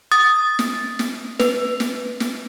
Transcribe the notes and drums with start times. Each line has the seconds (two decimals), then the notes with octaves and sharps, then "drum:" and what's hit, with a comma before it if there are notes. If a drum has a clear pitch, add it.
0.12 D#6 A6
0.59 drum: snare
0.99 drum: snare
1.40 B4, drum: snare
1.80 drum: snare
2.20 drum: snare